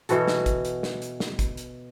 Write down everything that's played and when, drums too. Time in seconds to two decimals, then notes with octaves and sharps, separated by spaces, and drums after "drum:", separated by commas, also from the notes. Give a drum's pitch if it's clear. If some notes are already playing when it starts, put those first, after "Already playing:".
0.09 B2 E3 F#4 A4, drum: hi-hat
0.28 drum: snare
0.46 drum: kick, hi-hat
0.65 drum: hi-hat
0.83 drum: snare
1.02 drum: hi-hat
1.20 drum: snare
1.39 drum: kick, hi-hat
1.57 drum: hi-hat